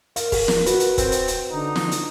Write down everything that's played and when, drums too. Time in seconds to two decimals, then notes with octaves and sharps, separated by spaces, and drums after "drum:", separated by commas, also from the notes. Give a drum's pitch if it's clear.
0.16 A#4 F5, drum: hi-hat
0.32 drum: kick, open hi-hat
0.48 drum: snare
0.66 F#4 B4, drum: hi-hat
0.80 drum: hi-hat
0.98 C4, drum: kick, hi-hat
1.12 drum: hi-hat
1.28 drum: hi-hat
1.52 D3 D#4
1.76 drum: snare
1.91 drum: hi-hat